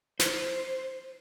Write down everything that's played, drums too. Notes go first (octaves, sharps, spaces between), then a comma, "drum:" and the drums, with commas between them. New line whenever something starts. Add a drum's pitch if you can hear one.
C5, drum: snare